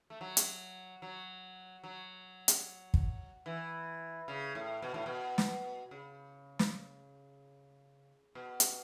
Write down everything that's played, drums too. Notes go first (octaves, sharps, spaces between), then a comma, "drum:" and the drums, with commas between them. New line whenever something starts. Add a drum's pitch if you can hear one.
A3
F#3
drum: hi-hat
F#3
F#3
drum: hi-hat
drum: kick
E3
C#3
A2
B2
A2
B2
drum: snare
C#3
drum: snare
B2
drum: hi-hat